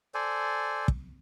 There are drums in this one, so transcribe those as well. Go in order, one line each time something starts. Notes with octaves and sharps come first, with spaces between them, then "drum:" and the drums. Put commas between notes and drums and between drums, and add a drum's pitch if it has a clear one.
A4 C5 D5 G#5
drum: kick